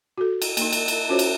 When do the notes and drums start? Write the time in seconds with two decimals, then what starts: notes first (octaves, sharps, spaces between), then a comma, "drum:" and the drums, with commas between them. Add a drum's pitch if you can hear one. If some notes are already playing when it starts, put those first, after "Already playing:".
0.18 F#4 A4
0.42 drum: cymbal
0.57 A#3 D#4, drum: cymbal
0.72 drum: cymbal
0.88 drum: cymbal
1.09 C#4 F4 F#4 C5 C#5
1.19 drum: cymbal